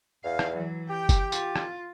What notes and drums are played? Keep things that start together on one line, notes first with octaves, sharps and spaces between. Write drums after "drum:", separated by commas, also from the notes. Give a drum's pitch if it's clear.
E2 F5
drum: rim click
E3 F#3
G4 G5
drum: kick, tambourine
F4, drum: tambourine
drum: rim click